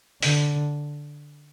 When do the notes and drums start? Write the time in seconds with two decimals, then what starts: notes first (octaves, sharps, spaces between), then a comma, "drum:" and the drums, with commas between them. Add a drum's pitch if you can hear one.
0.23 D3, drum: open hi-hat